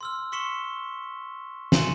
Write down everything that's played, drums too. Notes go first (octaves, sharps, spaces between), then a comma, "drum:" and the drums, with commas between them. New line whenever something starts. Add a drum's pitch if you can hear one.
C6 E6 F6
C6 C#6 B6 C#7 E7 G7
G#5 C6 C#7 D#7 E7 F#7, drum: snare